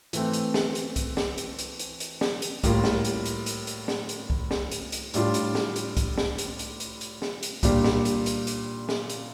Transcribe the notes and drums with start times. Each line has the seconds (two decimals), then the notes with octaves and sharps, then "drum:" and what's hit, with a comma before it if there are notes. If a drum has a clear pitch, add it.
0.13 E3 A3 C4, drum: hi-hat
0.33 drum: hi-hat
0.54 drum: snare
0.75 drum: hi-hat
0.96 drum: kick C2, hi-hat
1.17 drum: snare
1.38 drum: hi-hat
1.59 drum: hi-hat
1.79 drum: hi-hat
2.00 drum: hi-hat
2.21 drum: snare
2.42 drum: hi-hat
2.64 A2 G3 A#3 F4, drum: kick C2, hi-hat
2.84 drum: snare
3.05 drum: hi-hat
3.25 drum: hi-hat
3.46 drum: hi-hat
3.67 drum: hi-hat
3.88 drum: snare
4.09 drum: hi-hat
4.30 drum: kick C2
4.51 drum: snare
4.72 drum: hi-hat
4.92 drum: hi-hat
5.14 A2 G3 D4 F4, drum: hi-hat
5.34 drum: hi-hat
5.55 drum: snare
5.76 drum: hi-hat
5.97 drum: kick C2, hi-hat
6.18 drum: snare
6.38 drum: hi-hat
6.59 drum: hi-hat
6.80 drum: hi-hat
7.01 drum: hi-hat
7.22 drum: snare
7.43 drum: hi-hat
7.63 A#2 G3 D4, drum: kick C2, hi-hat
7.84 drum: snare
8.05 drum: hi-hat
8.26 drum: hi-hat
8.47 drum: hi-hat
8.89 drum: snare
9.10 drum: hi-hat